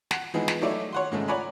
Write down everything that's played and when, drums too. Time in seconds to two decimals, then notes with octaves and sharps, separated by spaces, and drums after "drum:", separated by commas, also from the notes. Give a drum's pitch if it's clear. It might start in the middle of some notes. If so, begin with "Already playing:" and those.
0.11 F#5, drum: snare
0.34 E3 F3 G#3 B3 D#4 G#4
0.48 drum: snare
0.61 F#3 A3 D#4 E4 C#5 D5
0.93 C#5 F#5 C6
1.11 G#2 C#3 G#3 A3
1.28 C#5 D5 F#5 G#5 A#5 B5